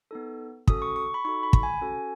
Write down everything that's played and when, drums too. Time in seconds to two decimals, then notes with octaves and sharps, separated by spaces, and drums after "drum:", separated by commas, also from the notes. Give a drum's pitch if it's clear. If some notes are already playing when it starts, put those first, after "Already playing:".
0.11 B3 D#4 A4
0.68 C#4 F#4 A4 D#6, drum: kick
0.82 C#6
0.96 C#6
1.14 B5
1.25 D#4 F#4 A4 C#6
1.43 B5
1.53 drum: kick
1.63 G#5
1.81 C#4 F#4 A4